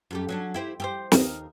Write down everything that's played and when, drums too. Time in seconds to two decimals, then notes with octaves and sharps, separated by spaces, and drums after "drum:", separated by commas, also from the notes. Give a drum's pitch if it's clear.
0.11 F#2 A3 G4
0.29 F#3 C#4 D4
0.54 E4 G4 C5
0.80 G4 A4 C5
1.12 D#2 D#4 A#4, drum: snare